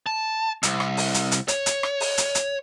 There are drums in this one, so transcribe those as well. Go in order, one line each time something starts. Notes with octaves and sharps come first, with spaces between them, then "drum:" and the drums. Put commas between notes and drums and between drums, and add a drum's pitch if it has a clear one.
A5
C2, drum: hi-hat
drum: rim click
drum: open hi-hat
drum: hi-hat
drum: hi-hat
C#5, drum: hi-hat
drum: hi-hat
drum: rim click
drum: open hi-hat
drum: hi-hat
drum: hi-hat